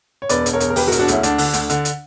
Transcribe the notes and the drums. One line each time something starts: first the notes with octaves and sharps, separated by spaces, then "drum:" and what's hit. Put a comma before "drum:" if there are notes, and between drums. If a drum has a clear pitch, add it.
C#5
E1 B4 D5, drum: hi-hat
E1, drum: hi-hat
A#4 C#5
E1, drum: hi-hat
A#4
E1 G4 B4, drum: open hi-hat
F#4 A#4
E1, drum: hi-hat
D4 F#4
D2 C#4 E4, drum: hi-hat
D2 D4, drum: hi-hat
D3, drum: open hi-hat
D2, drum: hi-hat
D3, drum: hi-hat
drum: hi-hat